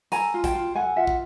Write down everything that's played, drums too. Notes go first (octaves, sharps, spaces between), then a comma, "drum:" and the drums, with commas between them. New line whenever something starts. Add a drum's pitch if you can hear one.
A4 G#5 A#5, drum: hi-hat
F4
G5 A5, drum: kick, hi-hat
F4
A4 F#5 G#5
F4 E5 F#5
drum: kick